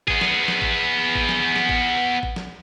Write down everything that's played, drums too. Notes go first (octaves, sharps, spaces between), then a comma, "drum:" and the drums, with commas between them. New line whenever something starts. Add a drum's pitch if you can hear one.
B3 G#4, drum: kick G#1
drum: snare
drum: snare
drum: kick G#1
drum: kick G#1
drum: snare
drum: snare
drum: kick G#1
drum: kick G#1
drum: snare